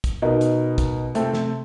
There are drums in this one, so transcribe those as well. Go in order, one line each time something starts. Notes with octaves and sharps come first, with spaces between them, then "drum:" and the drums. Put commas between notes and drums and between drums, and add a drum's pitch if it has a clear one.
drum: kick, hi-hat
B2 D#4 A#4
drum: hi-hat
drum: kick, hi-hat
C3 A3 C4 A4, drum: hi-hat
drum: snare